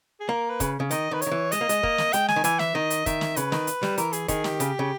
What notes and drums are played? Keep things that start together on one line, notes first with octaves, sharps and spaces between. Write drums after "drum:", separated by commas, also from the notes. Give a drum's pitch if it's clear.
G#4
A#3 A#4
B4
C#3, drum: kick, hi-hat
C#3
D#3 D#5, drum: hi-hat
D#3 B4
D#3 C#5, drum: hi-hat
E3
G#3 D#5, drum: hi-hat
A#3
G#3, drum: hi-hat
A#3, drum: kick
drum: snare
G#3 G5, drum: hi-hat
G#5, drum: snare
D#3
E3 G#5, drum: hi-hat
E5, drum: snare
D#3 D#5
drum: hi-hat
D#3 E5, drum: kick, hi-hat
drum: snare
C#3 B4, drum: hi-hat
D#3, drum: snare
drum: hi-hat
G3, drum: snare
E3 A#4, drum: hi-hat
G#4, drum: hi-hat
D#3 G#4, drum: kick, hi-hat
G4, drum: snare
C#3, drum: hi-hat
C#3